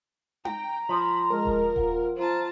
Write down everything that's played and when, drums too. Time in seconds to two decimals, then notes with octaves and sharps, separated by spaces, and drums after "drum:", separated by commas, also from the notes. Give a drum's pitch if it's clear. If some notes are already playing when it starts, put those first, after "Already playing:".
0.45 G5 A#5, drum: tom D#4
0.89 F3 B5
1.30 G#3 G#4 A#4 D#5
1.45 drum: kick D#1
1.76 F4 F5 F#5, drum: kick D#1
2.17 F4 C5 A5 A#5